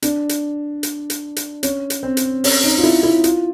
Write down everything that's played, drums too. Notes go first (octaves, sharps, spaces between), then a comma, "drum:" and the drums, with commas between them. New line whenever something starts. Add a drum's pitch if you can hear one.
D4, drum: hi-hat
drum: hi-hat
drum: hi-hat
drum: hi-hat
drum: hi-hat
C#4, drum: hi-hat
drum: hi-hat
C4
drum: hi-hat
C#4, drum: open hi-hat
D#4
F4
E4
E4
F4, drum: hi-hat